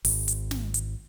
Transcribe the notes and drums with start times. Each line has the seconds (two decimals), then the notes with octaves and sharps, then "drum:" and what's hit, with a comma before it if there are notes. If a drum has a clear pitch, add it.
0.05 G#1, drum: open hi-hat
0.28 drum: hi-hat
0.51 drum: snare
0.74 drum: hi-hat